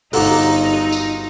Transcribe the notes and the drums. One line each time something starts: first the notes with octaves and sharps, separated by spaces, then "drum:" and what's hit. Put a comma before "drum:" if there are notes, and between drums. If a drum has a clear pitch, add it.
G1 F#3 D#4 F4 A4 F#5 D6, drum: open hi-hat
drum: tambourine